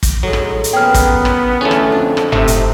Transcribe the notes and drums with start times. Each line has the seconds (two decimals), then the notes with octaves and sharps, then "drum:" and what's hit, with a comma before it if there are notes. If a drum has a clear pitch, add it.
0.03 drum: kick, hi-hat
0.23 A2 F#3 G#3
0.33 drum: rim click
0.64 drum: hi-hat
0.73 A#3 B3 C#4 G#4 G5 F6
0.94 drum: kick, hi-hat
1.25 drum: rim click
1.61 E2 D3 A3 C#4 F4
1.71 drum: rim click
1.92 F2 D4
2.17 drum: rim click
2.32 C3 A3 D#4, drum: tom F#1
2.48 drum: hi-hat